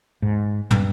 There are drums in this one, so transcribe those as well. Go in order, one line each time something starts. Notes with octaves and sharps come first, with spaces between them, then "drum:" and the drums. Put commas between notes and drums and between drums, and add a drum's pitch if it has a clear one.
G#2
G2, drum: tom